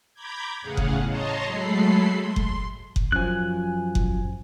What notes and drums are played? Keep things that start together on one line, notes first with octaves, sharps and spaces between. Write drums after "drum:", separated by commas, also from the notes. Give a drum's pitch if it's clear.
A#5 B5 D6 G6 G#6
E2 A2 C#3 G#4 F5 F#5
drum: kick F#1
C#5 D#5 A5 A#5 C6
F#3 G#3 A3 A4 B5 C7
C6
drum: kick F#1
drum: kick F#1
F#2 F3 G#5 F#6
drum: kick F#1